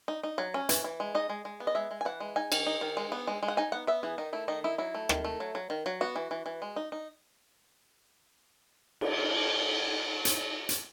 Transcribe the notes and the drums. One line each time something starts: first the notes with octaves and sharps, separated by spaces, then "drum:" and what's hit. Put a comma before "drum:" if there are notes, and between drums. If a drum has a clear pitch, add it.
D#4
D#4
F#3
C#4
E3, drum: hi-hat
E3
G#3
D#4 D#5
G#3
G#3
B3
D#5
G#3 E5
G#3
G#5
E3 F#5
G#3
D#4 G#5
D#3, drum: cymbal
D#4
D#3
G#3
B3
G#3
G#3
F#5
D#4 G#5
B3 F#5
B3 E5
E3 G#4
D#3 D#4
A3 E4
D#3 D#4
D#4 E4
F#3 E4
A3
D#3, drum: rim click
A3
F#3
F#3
D#3
F#3
B3 F#4
E3
E3
E3
G#3
D#4
D#4
drum: cymbal
drum: hi-hat
drum: hi-hat